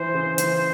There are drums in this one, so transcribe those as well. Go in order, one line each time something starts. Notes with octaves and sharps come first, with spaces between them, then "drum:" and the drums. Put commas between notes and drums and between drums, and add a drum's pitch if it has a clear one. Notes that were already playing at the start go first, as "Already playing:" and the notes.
Already playing: E3 C5
C#3
E3 C5, drum: hi-hat